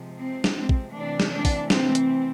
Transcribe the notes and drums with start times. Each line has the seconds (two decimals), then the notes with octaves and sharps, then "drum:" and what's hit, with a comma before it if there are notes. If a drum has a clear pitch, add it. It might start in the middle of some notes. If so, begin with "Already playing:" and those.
Already playing: C3 F3 G#3
0.19 C4
0.44 drum: snare
0.57 C4
0.69 drum: kick
0.94 C3 E3 A3 D4
1.20 drum: snare
1.33 D4
1.45 drum: kick, open hi-hat
1.70 C4, drum: snare
1.95 drum: hi-hat